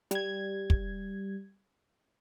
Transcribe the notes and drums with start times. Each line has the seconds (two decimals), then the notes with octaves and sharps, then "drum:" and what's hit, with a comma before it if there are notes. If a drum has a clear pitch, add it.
0.11 G3 G#6, drum: hi-hat
0.70 drum: kick